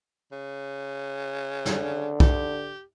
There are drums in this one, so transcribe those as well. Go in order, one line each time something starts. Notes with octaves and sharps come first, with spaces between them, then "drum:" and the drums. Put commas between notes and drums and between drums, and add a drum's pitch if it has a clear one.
C#3
D3, drum: snare
G4, drum: kick